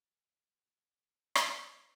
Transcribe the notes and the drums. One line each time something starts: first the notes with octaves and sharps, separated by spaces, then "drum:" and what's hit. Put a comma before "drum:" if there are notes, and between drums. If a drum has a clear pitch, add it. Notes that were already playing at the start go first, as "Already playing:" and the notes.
Already playing: C#4 F4
C2 A#3
A#2 F#3 A3 C#4
F#1
drum: rim click
F#2 F3